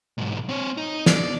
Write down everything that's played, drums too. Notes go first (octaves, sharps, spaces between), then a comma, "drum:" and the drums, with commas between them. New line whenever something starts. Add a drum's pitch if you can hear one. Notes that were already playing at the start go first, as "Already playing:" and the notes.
B1 G#2
C4 C#5
D#4
D5, drum: snare